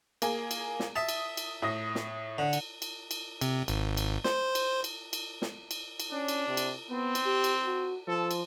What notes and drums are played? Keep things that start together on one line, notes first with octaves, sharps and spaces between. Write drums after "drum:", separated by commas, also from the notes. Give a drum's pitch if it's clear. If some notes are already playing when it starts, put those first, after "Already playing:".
A#3 G#4, drum: cymbal
drum: cymbal
drum: snare
E5 A5 D#6
drum: cymbal
drum: cymbal
A2 D#6 A#6
drum: snare
D3
drum: cymbal
drum: cymbal
drum: cymbal
C3, drum: cymbal
G#1, drum: cymbal
drum: cymbal
C5, drum: snare
drum: cymbal
drum: cymbal
drum: cymbal
drum: snare
drum: cymbal
drum: cymbal
C#4 D4
drum: cymbal
C3
drum: cymbal
B3 C4
drum: cymbal
G4
drum: cymbal
F#4
F3 A4
drum: cymbal